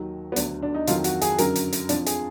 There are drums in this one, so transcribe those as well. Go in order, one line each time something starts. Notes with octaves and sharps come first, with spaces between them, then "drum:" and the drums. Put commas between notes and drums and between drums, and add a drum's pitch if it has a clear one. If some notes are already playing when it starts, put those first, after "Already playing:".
Already playing: D#2 D#3 F#3
B3
D2 D3 F#3 D4, drum: hi-hat
D4
D#4
F2 D#3 F#3 F4, drum: hi-hat
F#4, drum: hi-hat
G#4, drum: hi-hat
F#2 D3 F#3 A#4, drum: hi-hat
drum: hi-hat
drum: hi-hat
F2 F3 D4, drum: hi-hat
G#4, drum: hi-hat